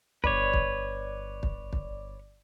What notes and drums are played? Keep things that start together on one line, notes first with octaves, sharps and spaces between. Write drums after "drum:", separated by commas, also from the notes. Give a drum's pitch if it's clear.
G1 B4 C#5 D5 D6, drum: kick
drum: kick
drum: kick
drum: kick